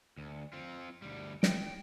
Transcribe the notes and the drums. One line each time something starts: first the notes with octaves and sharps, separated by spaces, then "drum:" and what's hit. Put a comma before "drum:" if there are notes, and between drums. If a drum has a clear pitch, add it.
D2
C4 F4
D2 G3
G5, drum: snare